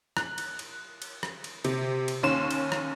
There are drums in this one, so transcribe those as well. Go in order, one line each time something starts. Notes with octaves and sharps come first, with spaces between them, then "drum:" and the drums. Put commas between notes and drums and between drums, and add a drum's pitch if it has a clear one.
F#6, drum: rim click
drum: cymbal
drum: cymbal
drum: cymbal
drum: rim click
drum: cymbal
C3, drum: cymbal
drum: cymbal
D#2 C#4 C6 E7
drum: cymbal
drum: rim click